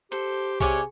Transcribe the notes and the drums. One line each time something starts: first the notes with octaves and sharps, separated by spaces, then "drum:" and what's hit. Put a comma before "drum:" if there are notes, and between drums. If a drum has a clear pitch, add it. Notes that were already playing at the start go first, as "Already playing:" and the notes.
G4 A4 C5
C3 G#4 C#5 D5 G#5, drum: kick B1